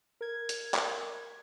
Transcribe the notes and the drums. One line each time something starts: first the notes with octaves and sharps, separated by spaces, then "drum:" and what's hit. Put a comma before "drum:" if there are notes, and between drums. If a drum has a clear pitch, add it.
A#4 G#6
drum: hi-hat
drum: clap